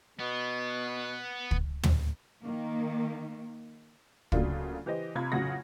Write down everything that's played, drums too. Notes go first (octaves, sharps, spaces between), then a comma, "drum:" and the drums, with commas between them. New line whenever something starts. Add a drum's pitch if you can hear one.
B2 B3
drum: kick
drum: tom
D#3 A#3
C#3 F#3 A3 A#3 D4 F4, drum: kick
E3 G4 C5 D#5
C3 F4 B5 G#6
A1 F2 C#3 F#3 F#5 A#6